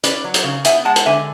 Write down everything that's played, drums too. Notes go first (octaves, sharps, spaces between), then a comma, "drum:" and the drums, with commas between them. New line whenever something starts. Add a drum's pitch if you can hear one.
C#4 B4 D5, drum: hi-hat
F#3
drum: hi-hat
C#3
B3 E5 G#5, drum: hi-hat
G#3 F#5 A5
drum: hi-hat
D3 E5 G#5